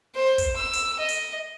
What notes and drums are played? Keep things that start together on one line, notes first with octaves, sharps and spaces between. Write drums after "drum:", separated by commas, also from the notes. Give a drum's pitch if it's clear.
C5
drum: kick, hi-hat
E6
drum: hi-hat
D#5
drum: hi-hat